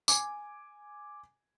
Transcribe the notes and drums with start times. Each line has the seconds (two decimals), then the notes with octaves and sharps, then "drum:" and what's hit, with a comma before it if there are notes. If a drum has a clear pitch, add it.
0.08 G#5 D6, drum: tambourine